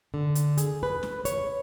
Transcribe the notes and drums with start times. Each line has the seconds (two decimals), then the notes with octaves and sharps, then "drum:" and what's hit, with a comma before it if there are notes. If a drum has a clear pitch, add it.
0.14 D3
0.35 drum: hi-hat
0.58 G#4, drum: hi-hat
0.83 B4
1.03 drum: snare
1.25 C#5, drum: hi-hat